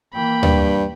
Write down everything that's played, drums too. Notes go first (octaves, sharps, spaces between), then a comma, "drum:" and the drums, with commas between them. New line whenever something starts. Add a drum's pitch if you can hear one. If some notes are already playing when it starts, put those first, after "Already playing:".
E3 A#3 G5 B5
G2, drum: tom D2